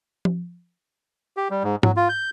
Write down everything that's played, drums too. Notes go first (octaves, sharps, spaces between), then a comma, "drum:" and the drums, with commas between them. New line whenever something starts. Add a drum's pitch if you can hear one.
drum: tom F3
G4
G3
G#2
F#3, drum: tom G#2
F4
G6